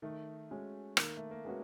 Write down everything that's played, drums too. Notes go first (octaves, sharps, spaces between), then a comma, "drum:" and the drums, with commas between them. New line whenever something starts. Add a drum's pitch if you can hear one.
D#3 A3
G#3 C#4 F#4
D#3 A#3, drum: rim click
A3
A#3
G#3 B3 C#4 F#4